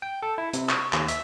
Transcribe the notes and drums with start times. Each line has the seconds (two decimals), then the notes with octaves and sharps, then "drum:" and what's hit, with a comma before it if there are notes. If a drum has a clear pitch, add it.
0.02 G5
0.22 A4
0.38 E4
0.53 C3, drum: hi-hat
0.69 C#6, drum: clap
0.93 D#2, drum: clap
1.08 E5, drum: hi-hat